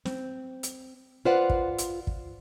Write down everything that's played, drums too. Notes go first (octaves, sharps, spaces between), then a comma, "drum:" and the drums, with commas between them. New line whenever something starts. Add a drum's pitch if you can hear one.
C4, drum: snare
drum: hi-hat
F4 B4 C5 D5 F#5
drum: kick
drum: hi-hat
drum: kick